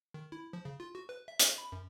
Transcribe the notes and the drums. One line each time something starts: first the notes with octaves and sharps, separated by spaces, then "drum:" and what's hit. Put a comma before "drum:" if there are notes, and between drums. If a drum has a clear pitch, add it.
D#3
E4
F3
C#3
F4
F#4
B4
E5
D#5, drum: hi-hat
B5
F#2